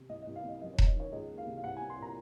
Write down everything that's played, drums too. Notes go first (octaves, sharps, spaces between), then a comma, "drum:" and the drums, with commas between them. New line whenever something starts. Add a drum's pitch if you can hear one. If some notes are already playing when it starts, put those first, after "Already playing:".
Already playing: C3
C2 D#5
D#5
C2
F5
C3 D#5
F#2 D#5
C#5
F#2, drum: kick E1
D#5
D#3 C#5
C#2 D#5
A#3
F5
C3
F5
C2 F#5
G#5
C4
C6
A#2 A#5